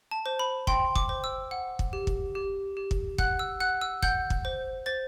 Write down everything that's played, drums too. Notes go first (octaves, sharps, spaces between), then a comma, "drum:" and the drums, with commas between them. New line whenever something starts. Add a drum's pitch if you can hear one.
A5
C5
B5
G5 C6, drum: kick
D6, drum: kick
C5
E6
F#5
drum: kick
G4
drum: kick
G4
G4
drum: kick
F#5 F#6, drum: kick
E6
F#5 F#6
E6
F#5 G6, drum: kick
drum: kick
C5
C5 A6